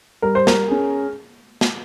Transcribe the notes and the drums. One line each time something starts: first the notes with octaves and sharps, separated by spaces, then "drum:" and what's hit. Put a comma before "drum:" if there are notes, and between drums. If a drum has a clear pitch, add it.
G3 A#4
C5
A#4, drum: snare
C#4 G#4
drum: snare